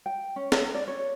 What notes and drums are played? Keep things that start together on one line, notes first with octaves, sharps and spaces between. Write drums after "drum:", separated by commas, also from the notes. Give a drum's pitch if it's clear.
G5
C#4
drum: snare
D5
C#5